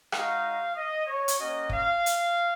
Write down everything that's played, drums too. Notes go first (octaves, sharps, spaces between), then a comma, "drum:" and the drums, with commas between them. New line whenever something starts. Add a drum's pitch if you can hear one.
G#3 D#4 F#4 F5, drum: rim click
D#5
C#5
drum: hi-hat
A#3 C#4 F#4 D#5
F5, drum: kick
drum: hi-hat